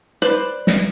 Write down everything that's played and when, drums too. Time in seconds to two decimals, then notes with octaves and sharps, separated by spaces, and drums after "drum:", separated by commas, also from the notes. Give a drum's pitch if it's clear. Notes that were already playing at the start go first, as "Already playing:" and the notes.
0.22 B4 C5 D5 B5
0.67 drum: snare